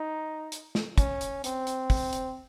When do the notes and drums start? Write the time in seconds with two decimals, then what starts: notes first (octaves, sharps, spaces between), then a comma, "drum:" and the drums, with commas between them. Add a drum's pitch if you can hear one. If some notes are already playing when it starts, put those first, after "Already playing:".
Already playing: D#4
0.52 drum: hi-hat
0.75 drum: snare
0.98 C#4, drum: kick, hi-hat
1.21 drum: hi-hat
1.44 C4, drum: hi-hat
1.67 drum: hi-hat
1.90 drum: kick, open hi-hat
2.13 drum: hi-hat